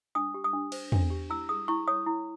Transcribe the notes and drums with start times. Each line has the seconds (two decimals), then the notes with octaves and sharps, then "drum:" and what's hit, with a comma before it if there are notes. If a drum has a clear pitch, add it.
0.15 D4 D#6
0.34 G4
0.44 D#6
0.53 D4
0.72 C5, drum: cymbal
0.92 D4, drum: tom E2
1.10 G4
1.30 E4 E6
1.49 G#4 D#6
1.68 E4 C#6
1.88 C#5 D#6
2.06 E4